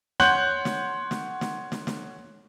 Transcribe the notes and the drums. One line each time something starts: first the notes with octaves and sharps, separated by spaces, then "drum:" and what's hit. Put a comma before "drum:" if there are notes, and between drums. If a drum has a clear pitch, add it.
C#5 F#5 C6 F#6 G6 F#7, drum: snare
drum: snare
drum: snare
drum: snare
drum: snare
drum: snare